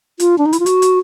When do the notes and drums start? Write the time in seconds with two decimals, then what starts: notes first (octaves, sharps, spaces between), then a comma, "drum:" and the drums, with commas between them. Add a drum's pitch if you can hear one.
0.20 F4, drum: hi-hat
0.38 D4
0.46 D#4
0.53 E4, drum: hi-hat
0.60 F4
0.66 F#4, drum: hi-hat
0.82 drum: hi-hat